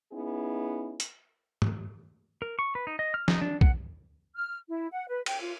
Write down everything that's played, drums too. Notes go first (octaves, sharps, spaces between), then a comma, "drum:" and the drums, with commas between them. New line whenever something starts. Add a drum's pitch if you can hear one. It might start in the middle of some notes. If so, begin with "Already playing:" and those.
B3 C#4 D#4 E4 G#4
drum: hi-hat
drum: tom
A#4
C#6
B4
D#4
D#5
F6
D#4, drum: snare
D4
F#5, drum: kick
F6
E4
F#5
B4
G5, drum: cymbal
F4